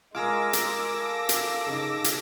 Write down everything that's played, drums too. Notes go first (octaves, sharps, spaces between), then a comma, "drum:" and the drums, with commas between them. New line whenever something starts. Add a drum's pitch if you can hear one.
G#3 F4 G#4 A#4 D6 E6 F6 A#6
drum: hi-hat
A4 F5
drum: hi-hat
C#3 D#4
drum: hi-hat